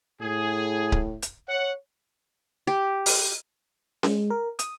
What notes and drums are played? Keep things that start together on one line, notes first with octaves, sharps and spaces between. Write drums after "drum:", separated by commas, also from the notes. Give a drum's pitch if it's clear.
A2 G#4
drum: kick C#1
drum: hi-hat
C#5 F#5
G4
drum: open hi-hat
G#3, drum: snare C#4
A#4
D#6, drum: hi-hat